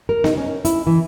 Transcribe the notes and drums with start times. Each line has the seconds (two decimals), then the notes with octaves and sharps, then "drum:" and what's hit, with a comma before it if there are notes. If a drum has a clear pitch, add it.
0.09 A#4
0.24 D#4, drum: snare B3
0.37 C#4
0.65 E4, drum: hi-hat
0.87 E3